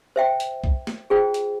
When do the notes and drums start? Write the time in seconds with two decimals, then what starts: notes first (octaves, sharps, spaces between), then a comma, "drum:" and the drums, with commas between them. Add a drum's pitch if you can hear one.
0.16 C5 E5 G5
0.40 drum: hi-hat
0.64 drum: kick
0.87 drum: snare
1.10 F4 G#4 C5 G5
1.34 drum: hi-hat